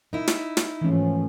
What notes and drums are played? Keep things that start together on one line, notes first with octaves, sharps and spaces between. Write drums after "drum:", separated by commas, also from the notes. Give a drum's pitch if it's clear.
D#4 E4
drum: snare
drum: snare
G#2 E3 F3 A3 C#4